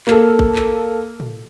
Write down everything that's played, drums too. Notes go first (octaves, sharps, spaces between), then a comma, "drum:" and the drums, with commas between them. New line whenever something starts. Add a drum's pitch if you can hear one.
A#3 A4, drum: clap
drum: kick A1
drum: clap
drum: tom A2